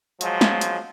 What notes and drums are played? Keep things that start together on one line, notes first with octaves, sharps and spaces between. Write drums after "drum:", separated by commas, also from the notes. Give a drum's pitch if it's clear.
F3 F#3 G#3, drum: hi-hat
drum: snare
drum: hi-hat